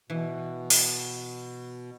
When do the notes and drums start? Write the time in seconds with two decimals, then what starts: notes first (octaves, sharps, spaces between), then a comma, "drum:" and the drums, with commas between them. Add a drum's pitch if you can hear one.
0.10 B2 E3
0.70 drum: open hi-hat